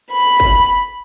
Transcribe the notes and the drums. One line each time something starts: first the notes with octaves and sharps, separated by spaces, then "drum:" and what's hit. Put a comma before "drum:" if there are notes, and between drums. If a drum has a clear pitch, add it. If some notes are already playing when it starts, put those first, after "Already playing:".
B5
drum: kick